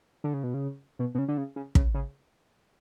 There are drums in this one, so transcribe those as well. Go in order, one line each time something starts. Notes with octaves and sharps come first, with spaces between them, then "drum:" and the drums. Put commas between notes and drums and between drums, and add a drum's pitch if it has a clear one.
D3
C#3
B2
C#3
B2
B2
C#3
D3
C#3
C#3
C#3, drum: kick
C#3